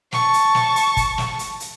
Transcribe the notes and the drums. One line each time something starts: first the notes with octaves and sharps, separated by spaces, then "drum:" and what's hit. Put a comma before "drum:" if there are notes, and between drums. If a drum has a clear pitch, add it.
A5 C#6, drum: snare
drum: hi-hat
drum: snare
drum: hi-hat
drum: kick, hi-hat
drum: snare
drum: hi-hat
drum: hi-hat